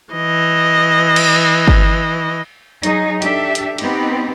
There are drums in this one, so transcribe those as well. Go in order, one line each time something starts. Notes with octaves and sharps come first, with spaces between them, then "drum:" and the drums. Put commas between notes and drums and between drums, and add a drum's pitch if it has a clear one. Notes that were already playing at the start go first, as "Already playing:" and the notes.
E3 D#5
drum: cymbal
drum: kick G1
F#3 D#4 G#4, drum: hi-hat
D4 G4 A4 E5, drum: hi-hat
drum: hi-hat
B3 C4 D#4 G4, drum: cymbal